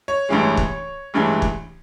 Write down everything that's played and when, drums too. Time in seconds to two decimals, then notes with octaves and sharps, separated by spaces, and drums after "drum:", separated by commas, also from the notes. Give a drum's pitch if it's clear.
0.08 C#5
0.29 A1 G2 E3 G#3
0.57 drum: kick
1.14 A1 G2 E3 G#3
1.42 drum: kick